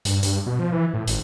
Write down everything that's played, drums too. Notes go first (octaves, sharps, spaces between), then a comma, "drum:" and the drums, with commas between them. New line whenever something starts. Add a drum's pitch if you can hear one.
G2, drum: hi-hat
G2, drum: hi-hat
B2
F3
E3
A2
G#1, drum: hi-hat